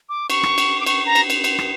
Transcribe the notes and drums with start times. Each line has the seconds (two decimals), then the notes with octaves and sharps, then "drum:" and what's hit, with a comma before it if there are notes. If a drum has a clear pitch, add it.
0.09 D6
0.30 C#6, drum: cymbal
0.43 drum: rim click
0.58 drum: cymbal
0.80 D6
0.86 C#6, drum: cymbal
1.06 A#5
1.15 drum: cymbal
1.30 drum: cymbal
1.44 drum: cymbal
1.58 drum: rim click